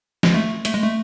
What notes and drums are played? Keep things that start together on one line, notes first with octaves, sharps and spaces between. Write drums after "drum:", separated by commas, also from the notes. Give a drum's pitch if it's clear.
G#3, drum: snare
A3
A3, drum: hi-hat
G#3
A3